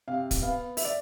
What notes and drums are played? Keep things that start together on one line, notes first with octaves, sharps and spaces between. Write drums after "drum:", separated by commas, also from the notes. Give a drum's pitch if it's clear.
C3 F5
drum: kick, hi-hat
B3 F5
E5, drum: open hi-hat
D5